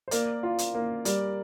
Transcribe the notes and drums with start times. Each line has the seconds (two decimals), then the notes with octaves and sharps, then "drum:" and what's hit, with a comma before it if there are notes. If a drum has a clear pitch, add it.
0.08 C5
0.11 A#3 A#4 D5, drum: hi-hat
0.43 F4
0.58 drum: hi-hat
0.75 A#3
1.05 G3 A#4 D5, drum: hi-hat